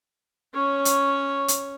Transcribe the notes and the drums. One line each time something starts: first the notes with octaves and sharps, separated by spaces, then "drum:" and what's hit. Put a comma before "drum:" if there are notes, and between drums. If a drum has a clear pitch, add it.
C#4 C#5
drum: hi-hat
drum: hi-hat